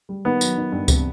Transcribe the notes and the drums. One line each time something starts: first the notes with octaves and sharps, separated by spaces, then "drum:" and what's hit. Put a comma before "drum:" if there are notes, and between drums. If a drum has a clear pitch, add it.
G3
D#3 B3
F#3, drum: tambourine
D#3
G2
C3, drum: kick C#2, tambourine